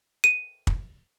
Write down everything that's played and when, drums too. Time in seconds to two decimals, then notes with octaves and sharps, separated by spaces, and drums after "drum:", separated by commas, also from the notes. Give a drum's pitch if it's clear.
0.24 D#7
0.67 drum: kick